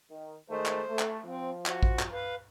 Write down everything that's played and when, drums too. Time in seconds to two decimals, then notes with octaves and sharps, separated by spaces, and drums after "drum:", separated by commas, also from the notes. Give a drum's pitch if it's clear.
0.11 D#3
0.50 D#3 G#3 A3 C5
0.66 drum: clap
0.90 A3
0.99 drum: clap
1.26 F3 C4
1.66 F#4, drum: clap
1.83 drum: kick A1
1.99 drum: clap
2.13 B4 F5